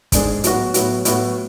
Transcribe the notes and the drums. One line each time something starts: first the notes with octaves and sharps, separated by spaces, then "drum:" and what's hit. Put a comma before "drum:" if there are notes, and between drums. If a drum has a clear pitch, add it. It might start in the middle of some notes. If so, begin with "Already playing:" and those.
G#2 G#3 D4 G#4, drum: kick, hi-hat
A2 F#3 B3 F#4, drum: hi-hat
A2 F#3 B3 F#4, drum: hi-hat
A2 F#3 B3 F#4, drum: hi-hat